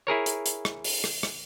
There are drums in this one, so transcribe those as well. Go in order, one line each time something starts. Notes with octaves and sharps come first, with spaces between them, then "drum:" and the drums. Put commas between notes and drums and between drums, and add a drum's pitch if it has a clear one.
E4 G#4 A#4 C#5
drum: hi-hat
drum: hi-hat
drum: rim click
drum: open hi-hat
drum: rim click
drum: rim click